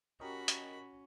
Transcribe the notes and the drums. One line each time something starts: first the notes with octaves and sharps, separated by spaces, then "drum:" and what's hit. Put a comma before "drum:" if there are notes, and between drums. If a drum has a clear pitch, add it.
C#4 F#4 G4 A#4 D#5 B5
drum: hi-hat